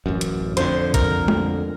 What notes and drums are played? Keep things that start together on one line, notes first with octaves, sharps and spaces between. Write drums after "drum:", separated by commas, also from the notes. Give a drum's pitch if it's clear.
A1 F#2
drum: hi-hat
F2 D3 C5, drum: hi-hat
A#4, drum: kick, hi-hat
drum: tom